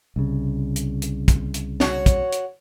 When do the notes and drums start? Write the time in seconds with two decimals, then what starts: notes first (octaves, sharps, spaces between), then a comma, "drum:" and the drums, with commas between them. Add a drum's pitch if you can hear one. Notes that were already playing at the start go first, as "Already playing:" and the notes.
0.16 C2 C#3
0.76 drum: hi-hat
1.02 drum: hi-hat
1.28 drum: kick, hi-hat
1.54 drum: hi-hat
1.80 F#4 C#5, drum: snare
2.06 drum: kick, hi-hat
2.32 drum: hi-hat